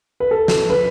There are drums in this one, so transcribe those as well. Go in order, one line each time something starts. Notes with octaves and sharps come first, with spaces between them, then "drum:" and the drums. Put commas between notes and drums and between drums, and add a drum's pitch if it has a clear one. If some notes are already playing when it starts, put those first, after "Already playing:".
B4
A4
drum: snare
B4